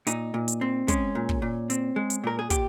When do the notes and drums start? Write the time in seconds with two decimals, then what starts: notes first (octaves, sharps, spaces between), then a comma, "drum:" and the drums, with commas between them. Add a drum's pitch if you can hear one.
0.07 A#2 D#4, drum: hi-hat
0.34 A#2
0.48 drum: hi-hat
0.61 C4
0.88 G#3 C#4, drum: kick, hi-hat
1.15 A#2
1.29 drum: kick
1.42 A#2
1.70 C4, drum: hi-hat
1.96 G#3
2.10 drum: hi-hat
2.24 A#2 A#4
2.39 G#4
2.50 A#2 G4, drum: kick, hi-hat